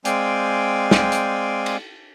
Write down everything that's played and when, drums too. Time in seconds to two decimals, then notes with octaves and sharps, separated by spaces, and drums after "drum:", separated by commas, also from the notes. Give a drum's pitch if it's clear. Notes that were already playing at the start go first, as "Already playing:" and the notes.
0.05 G#3 C4 D5 F5 G5 G#5, drum: hi-hat
0.91 drum: snare
1.12 drum: hi-hat
1.66 drum: cymbal